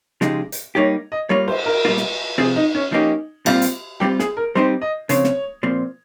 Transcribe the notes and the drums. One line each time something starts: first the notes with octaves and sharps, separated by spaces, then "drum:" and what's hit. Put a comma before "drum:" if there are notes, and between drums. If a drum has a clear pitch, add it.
C#3 F3 G#3 D#4 G4, drum: snare
drum: hi-hat
G3 A#3 D#4 G4 C#5
D#5
G3 A#3 F4 C#5
C5, drum: cymbal
A#4
A#2 G3 A#3 F4
drum: snare
C3 F3 C4 F4 G#4
D#4
C#4
F3 A#3 C#4 D#4 G4
A#2 G3 C4 F4 G4, drum: cymbal
drum: hi-hat
G3 C4 F4 G4
G#4, drum: snare
A#4
G3 C4 D#4 G4 C5
D#5
C#3 F3 C4 C#5, drum: hi-hat
drum: snare
A#2 F3 C4